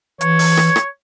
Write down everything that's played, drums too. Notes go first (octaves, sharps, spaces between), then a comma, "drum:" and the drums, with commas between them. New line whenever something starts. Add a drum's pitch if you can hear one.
E3 C#5, drum: hi-hat
drum: open hi-hat
drum: rim click
drum: rim click